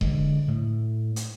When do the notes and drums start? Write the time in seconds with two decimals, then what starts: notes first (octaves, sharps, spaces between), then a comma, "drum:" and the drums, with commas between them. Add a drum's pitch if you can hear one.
0.01 D3 D#3 G#3, drum: kick D#1
0.48 A2
1.16 drum: hi-hat